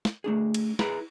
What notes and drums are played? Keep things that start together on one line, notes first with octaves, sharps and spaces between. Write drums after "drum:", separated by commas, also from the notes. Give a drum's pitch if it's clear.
drum: snare
A3 D4 G#4
drum: cymbal
E4 G#4 B4 G5 A#5 B5, drum: snare